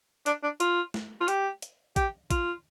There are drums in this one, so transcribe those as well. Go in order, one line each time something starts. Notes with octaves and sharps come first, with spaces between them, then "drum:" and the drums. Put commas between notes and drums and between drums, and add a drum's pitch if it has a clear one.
D4, drum: hi-hat
D4
F4, drum: hi-hat
drum: snare
F4
G4, drum: hi-hat
drum: hi-hat
G4, drum: kick A1, hi-hat
F4, drum: kick A1, hi-hat